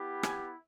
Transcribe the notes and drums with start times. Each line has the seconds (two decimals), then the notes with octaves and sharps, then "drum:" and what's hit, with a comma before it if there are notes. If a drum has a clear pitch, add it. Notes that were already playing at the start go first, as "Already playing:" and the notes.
Already playing: B3 E4 G4
0.23 G#5, drum: rim click